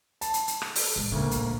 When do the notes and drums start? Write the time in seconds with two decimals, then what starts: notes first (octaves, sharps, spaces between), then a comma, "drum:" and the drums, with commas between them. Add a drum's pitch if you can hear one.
0.21 A5, drum: hi-hat
0.34 drum: hi-hat
0.48 drum: hi-hat
0.62 drum: rim click
0.76 drum: open hi-hat
0.96 A2 G#3
1.12 D2 C#3 A#3
1.31 A#1, drum: hi-hat